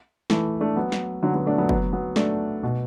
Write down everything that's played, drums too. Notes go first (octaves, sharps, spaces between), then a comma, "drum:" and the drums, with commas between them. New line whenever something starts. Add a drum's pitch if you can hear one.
E3 A3, drum: snare
A3 D4
F#3 B3
drum: snare
D3 F#3
F#3 B3
A3 D4
F#3 B3
F#3 B3, drum: kick
F#3 B3
A3 D4, drum: snare
B2